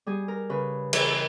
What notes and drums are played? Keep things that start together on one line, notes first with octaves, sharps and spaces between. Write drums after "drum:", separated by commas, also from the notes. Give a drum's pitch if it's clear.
G3 G#4
A#4
C#3 B4
E3 A#4, drum: cymbal
A#4